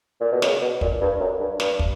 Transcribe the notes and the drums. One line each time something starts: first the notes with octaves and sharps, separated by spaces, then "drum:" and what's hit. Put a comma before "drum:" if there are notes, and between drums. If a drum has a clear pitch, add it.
A#2
B2
C#3, drum: snare
B2
A#2, drum: kick
G2
F#2
G2
G2, drum: snare
drum: kick